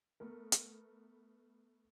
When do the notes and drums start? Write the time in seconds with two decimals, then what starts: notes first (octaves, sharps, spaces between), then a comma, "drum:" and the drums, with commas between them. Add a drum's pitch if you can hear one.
0.20 A3 B3 A#4
0.52 drum: hi-hat